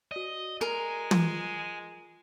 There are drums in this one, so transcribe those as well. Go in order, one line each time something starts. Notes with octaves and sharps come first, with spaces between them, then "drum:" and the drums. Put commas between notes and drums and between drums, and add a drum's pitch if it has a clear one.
F#4 D5 D#5
G#3 A#4 G#5
F4, drum: tom